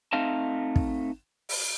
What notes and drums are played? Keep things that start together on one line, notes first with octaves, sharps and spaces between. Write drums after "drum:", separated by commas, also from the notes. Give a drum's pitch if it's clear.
A3 C4 D#4 D#5 F5 A5
drum: kick
drum: open hi-hat